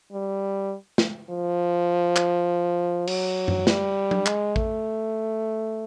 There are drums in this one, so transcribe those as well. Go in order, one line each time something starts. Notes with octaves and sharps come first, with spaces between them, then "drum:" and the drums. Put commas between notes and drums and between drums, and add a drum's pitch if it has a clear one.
G3
drum: snare
F3
drum: clap
F#3, drum: cymbal
drum: tom F#2
G3, drum: snare
drum: tom F#3
G#3, drum: clap
A3, drum: kick A1